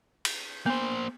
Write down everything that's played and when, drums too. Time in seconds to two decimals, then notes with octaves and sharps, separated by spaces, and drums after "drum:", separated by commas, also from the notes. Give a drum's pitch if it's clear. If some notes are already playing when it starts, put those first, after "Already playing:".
0.25 drum: cymbal
0.66 A#3 B3 C5